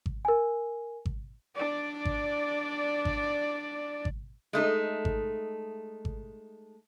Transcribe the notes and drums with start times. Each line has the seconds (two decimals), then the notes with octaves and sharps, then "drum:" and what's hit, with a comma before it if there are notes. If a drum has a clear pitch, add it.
0.06 drum: kick G#1
0.25 A#4 G#5
1.06 drum: kick G#1
1.55 D4 D5
2.05 drum: kick G#1
3.05 drum: kick G#1
4.05 drum: kick G#1
4.53 G#3 A3 D#4
5.05 drum: kick G#1
6.05 drum: kick G#1